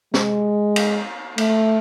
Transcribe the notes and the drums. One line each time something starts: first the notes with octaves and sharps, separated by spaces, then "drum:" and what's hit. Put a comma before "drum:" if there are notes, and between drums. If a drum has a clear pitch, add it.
G#3, drum: snare
drum: cymbal
A3, drum: cymbal